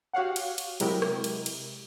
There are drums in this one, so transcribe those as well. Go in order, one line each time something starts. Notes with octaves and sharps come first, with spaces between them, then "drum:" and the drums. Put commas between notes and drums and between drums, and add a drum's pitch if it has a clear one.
F#4 G4 C#5 F5 F#5
drum: cymbal
drum: cymbal
C3 F#3 G#3 E4 G4 A#4, drum: cymbal
drum: rim click
drum: cymbal
drum: cymbal